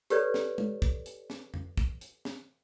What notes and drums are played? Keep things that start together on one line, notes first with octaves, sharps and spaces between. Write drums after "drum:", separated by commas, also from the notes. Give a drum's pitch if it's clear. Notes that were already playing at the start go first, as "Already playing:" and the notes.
G4 A4 B4 C#5 D5, drum: hi-hat
drum: snare
drum: tom
drum: kick
drum: hi-hat
drum: snare
drum: tom F2
drum: kick
drum: hi-hat
drum: snare